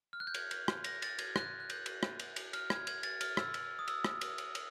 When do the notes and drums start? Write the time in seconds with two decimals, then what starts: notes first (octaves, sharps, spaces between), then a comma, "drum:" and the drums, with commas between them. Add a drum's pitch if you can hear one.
0.13 F6
0.20 F#6
0.27 G6
0.34 G#6, drum: cymbal
0.51 G6, drum: cymbal
0.68 drum: rim click
0.84 A#6, drum: cymbal
1.02 A6, drum: cymbal
1.19 G#6, drum: cymbal
1.36 F#6, drum: rim click
1.60 F#6
1.70 G6, drum: cymbal
1.86 drum: cymbal
2.03 drum: rim click
2.19 drum: cymbal
2.36 drum: cymbal
2.53 F6, drum: cymbal
2.70 G#6, drum: rim click
2.87 G#6, drum: cymbal
3.03 A6, drum: cymbal
3.21 F6, drum: cymbal
3.37 E6, drum: rim click
3.54 drum: cymbal
3.79 D#6
3.88 E6, drum: cymbal
4.04 drum: rim click
4.21 drum: cymbal
4.38 drum: cymbal
4.55 drum: cymbal